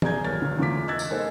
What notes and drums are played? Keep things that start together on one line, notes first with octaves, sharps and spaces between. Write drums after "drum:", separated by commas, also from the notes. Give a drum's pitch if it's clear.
G#4 D5 A#5 G6 G#6, drum: tom D#3
B1 A#3 C#5 F6 A6
C#2 D3
E2 D3 A3 F4 D6 B6
D#5 E6 F#6 G#6 A6
drum: tambourine
G#3 A#3 D#4 A4 A#4 C5